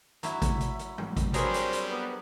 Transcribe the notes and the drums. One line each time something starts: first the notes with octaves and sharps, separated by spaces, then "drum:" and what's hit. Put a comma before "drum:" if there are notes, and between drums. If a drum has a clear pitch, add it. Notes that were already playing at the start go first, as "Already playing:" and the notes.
F#3 E4, drum: hi-hat
drum: kick, hi-hat
drum: hi-hat
drum: hi-hat
drum: tom
drum: kick, hi-hat
F#3 G3 C4 D4 G#4 A#4 B4 C#5, drum: hi-hat
drum: hi-hat
drum: hi-hat
B3